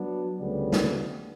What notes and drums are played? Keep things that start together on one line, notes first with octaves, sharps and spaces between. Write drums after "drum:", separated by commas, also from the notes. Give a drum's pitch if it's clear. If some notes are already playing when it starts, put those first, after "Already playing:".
Already playing: F#3 B3 D4
D2 C#3 G3 B3
drum: snare